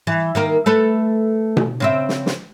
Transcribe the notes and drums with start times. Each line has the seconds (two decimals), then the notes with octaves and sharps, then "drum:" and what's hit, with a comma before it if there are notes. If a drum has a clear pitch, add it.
0.07 E3
0.35 D#3 A#3 A#4
0.66 A3 A4 B4
1.57 drum: tom B2
1.80 C#3 C4 E5
2.09 drum: snare
2.26 drum: snare